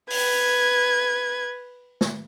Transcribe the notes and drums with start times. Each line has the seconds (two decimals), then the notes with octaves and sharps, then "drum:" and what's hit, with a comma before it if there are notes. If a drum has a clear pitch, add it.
0.10 B4 G#6, drum: open hi-hat
2.01 drum: snare